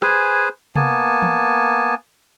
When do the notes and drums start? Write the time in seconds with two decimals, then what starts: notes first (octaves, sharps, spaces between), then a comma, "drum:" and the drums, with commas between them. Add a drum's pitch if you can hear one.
0.02 G#4 B4 C5 G#5, drum: rim click
0.76 A#3 B3 G#5 A5, drum: tom C3
1.22 drum: tom E3